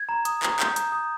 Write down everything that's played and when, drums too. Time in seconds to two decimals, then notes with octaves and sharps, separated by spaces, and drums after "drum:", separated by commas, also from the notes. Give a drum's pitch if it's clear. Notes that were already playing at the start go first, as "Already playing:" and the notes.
Already playing: G#6
0.09 A#5
0.25 D#6, drum: hi-hat
0.43 A#5, drum: clap
0.60 G6, drum: clap
0.76 A#5, drum: hi-hat
0.92 D#6